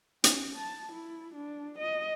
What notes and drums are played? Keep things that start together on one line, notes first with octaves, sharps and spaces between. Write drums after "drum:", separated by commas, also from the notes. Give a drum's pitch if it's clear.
C#4, drum: hi-hat
A5
E4
D4
D#5